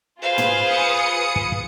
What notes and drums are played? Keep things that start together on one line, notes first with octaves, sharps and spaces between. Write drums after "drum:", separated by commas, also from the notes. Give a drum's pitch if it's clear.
F4 G#4 B4 C5 F5
drum: tom
D#6 C#7
drum: kick
drum: kick